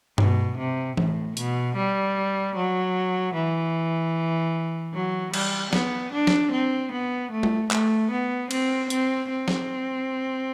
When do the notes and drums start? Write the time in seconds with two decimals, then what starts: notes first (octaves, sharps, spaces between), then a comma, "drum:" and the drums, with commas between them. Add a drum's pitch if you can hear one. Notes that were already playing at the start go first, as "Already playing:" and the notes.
0.18 B2, drum: tom G2
0.58 C3
0.97 A2, drum: tom E3
1.37 B2, drum: hi-hat
1.76 G3
2.56 F#3
3.35 E3
4.93 F#3
5.34 G3, drum: cymbal
5.73 B3, drum: snare
6.12 D4
6.27 drum: snare
6.52 C4
6.92 B3
7.32 A3
7.43 drum: tom G3
7.71 A3, drum: clap
8.11 B3
8.51 C4, drum: cymbal
8.90 C4, drum: hi-hat
9.30 C4
9.48 drum: snare